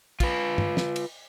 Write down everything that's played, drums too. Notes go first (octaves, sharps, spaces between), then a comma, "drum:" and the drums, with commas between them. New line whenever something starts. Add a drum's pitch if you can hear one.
F4 B4, drum: kick, cymbal
drum: tom G2
drum: snare
drum: cymbal